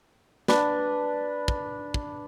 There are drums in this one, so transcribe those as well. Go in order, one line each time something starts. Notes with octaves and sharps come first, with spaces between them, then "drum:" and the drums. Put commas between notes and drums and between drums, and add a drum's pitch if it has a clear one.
D4 B4, drum: snare
drum: kick
drum: kick